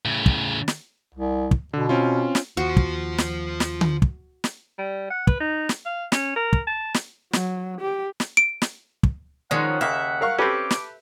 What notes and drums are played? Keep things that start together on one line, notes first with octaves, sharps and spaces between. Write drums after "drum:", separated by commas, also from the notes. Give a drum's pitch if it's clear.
A2 C#3
drum: kick
drum: snare
C2
drum: kick
B2 D3
C4 C#4 F4
drum: snare
D#2 F4 F#4 C5
drum: kick
drum: snare
drum: snare
drum: tom D3
drum: kick
drum: snare
G3
F#5
B4, drum: kick
D#4
drum: snare
F5
C#4, drum: snare
A#4
drum: kick
A5
drum: snare
F#3, drum: snare
G4
drum: snare
D7
drum: snare
drum: kick
D#3 F3 G#3 C#4 F#5
D#2 C#3 A#3 E5
A#4 F5 C#6
C4 C#4 G4 A4 B4 D6
drum: snare